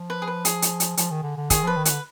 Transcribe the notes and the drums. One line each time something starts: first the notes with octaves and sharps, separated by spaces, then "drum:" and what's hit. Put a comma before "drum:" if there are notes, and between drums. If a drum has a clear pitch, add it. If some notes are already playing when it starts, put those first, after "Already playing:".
Already playing: F3
B4
G#4
B4
G#4, drum: hi-hat
drum: hi-hat
drum: hi-hat
F3, drum: hi-hat
D#3
D3
D3
D#3 G#4, drum: kick, hi-hat
F3 B4
D#3
D3 B4, drum: hi-hat